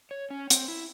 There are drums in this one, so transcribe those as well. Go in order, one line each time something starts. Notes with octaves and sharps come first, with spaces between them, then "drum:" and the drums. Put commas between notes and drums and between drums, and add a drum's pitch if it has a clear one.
C#5
C#4
C4, drum: hi-hat
E4